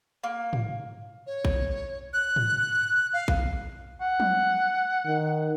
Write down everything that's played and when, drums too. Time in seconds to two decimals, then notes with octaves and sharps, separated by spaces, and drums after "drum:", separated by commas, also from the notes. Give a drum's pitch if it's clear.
0.24 A#3
0.53 drum: tom G#2
1.27 C#5
1.45 drum: kick A1
2.13 F#6
2.36 drum: tom G#2
3.13 F5
3.28 drum: kick A1
4.01 F#5
4.20 drum: tom F3
5.06 D#3